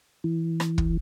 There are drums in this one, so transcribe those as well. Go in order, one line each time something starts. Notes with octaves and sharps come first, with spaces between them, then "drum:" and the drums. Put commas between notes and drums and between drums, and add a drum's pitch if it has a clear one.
E3
drum: rim click
drum: kick